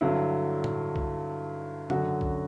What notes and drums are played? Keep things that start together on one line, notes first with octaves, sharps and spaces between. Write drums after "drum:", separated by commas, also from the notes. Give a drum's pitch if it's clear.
G2 D3 F#3 E4
drum: tom A2
drum: kick B1
F#2 D3 F#3 F#4, drum: tom
drum: kick B1